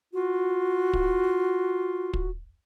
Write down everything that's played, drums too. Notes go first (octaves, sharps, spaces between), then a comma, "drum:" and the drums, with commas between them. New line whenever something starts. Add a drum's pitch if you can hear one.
F4 F#4
drum: kick
drum: kick